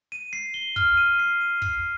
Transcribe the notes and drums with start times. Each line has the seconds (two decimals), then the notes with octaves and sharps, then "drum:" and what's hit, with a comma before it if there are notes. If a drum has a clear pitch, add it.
0.12 D#7
0.33 C7
0.54 G7
0.76 F6, drum: kick
0.97 D#7
1.19 C7
1.41 D#7
1.62 C7, drum: kick